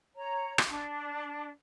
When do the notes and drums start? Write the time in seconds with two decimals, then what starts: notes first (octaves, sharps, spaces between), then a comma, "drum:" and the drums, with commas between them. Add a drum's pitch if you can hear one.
0.16 C#5 A#5
0.58 drum: rim click
0.69 D4